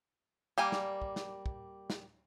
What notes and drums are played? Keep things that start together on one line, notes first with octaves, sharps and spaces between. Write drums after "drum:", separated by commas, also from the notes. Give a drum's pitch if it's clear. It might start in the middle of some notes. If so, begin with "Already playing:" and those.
G3 A#3 G#5
drum: snare
drum: kick
drum: snare
drum: kick
drum: snare